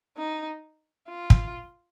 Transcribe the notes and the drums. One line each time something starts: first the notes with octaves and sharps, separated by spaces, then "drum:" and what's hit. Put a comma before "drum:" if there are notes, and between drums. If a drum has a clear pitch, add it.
D#4
F4
drum: kick